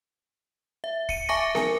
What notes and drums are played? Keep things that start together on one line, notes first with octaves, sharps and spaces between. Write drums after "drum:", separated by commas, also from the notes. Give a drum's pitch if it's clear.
E5
C#7 D#7, drum: kick
E5 G#5 A5 C#6 D6 A#6
A#4 G#5, drum: snare B3